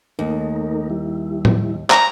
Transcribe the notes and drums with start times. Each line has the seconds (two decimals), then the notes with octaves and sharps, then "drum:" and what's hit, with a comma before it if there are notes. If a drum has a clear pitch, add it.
0.19 D#2 A3 D#4 A#4
0.90 G3 E4
1.45 drum: tom A2
1.90 A#5, drum: clap